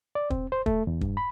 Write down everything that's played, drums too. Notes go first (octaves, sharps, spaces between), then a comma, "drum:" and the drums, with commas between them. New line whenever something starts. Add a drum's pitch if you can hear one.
D5
C4, drum: kick
C5
A3, drum: kick
E2
G2, drum: kick
B5